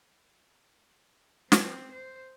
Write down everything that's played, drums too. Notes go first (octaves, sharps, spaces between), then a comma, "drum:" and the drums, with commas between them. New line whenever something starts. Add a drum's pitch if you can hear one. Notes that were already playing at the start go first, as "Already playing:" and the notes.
C4, drum: snare
C5